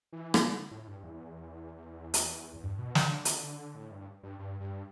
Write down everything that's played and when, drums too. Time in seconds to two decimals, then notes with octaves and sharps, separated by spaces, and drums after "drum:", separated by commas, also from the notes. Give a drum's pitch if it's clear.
0.12 E3
0.34 D3, drum: rim click
0.71 A2
0.87 G2
1.03 E2
2.14 drum: hi-hat
2.56 E2
2.63 G2
2.79 B2
2.95 D3, drum: snare
3.11 D3
3.25 drum: hi-hat
3.43 D3
3.75 A2
3.91 G2
4.23 G2
4.39 G2
4.60 G2